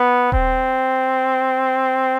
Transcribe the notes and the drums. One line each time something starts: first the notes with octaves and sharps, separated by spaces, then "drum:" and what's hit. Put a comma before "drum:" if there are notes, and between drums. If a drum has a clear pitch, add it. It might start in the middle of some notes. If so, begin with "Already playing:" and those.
Already playing: B3
C4, drum: kick D#1